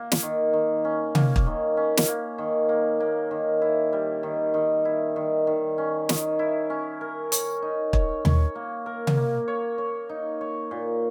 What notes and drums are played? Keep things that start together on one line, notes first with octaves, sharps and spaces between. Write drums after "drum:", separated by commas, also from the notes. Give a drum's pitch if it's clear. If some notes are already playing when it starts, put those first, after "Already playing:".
Already playing: A#3
drum: snare
D#3
D#3
C#4
A#3, drum: tom C3
drum: kick
D#3
C#4
drum: snare
A#3
D#3
A#3
A#3
D#3
E4
G3
D#3
D#3
E4
D#3
D#3
C#4
D#3, drum: snare
E4
C#4
A#4
C#5, drum: hi-hat
D#4
C#5, drum: kick
C#5, drum: tom D#2
A#3
A#4
drum: tom C3
A#3
C#5
C#5
D#4
C#5
A#2